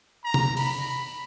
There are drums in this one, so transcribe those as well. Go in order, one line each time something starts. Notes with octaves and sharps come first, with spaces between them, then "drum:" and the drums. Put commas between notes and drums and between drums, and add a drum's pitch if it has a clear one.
A#5
drum: tom
B5, drum: open hi-hat